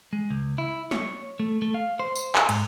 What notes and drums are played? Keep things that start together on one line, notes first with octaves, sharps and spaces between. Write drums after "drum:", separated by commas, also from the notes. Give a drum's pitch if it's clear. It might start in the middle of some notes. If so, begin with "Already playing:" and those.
G#3
C#2
E4
C#5, drum: snare
A3
A3
F5
C5
drum: tambourine
drum: clap
G#2, drum: cymbal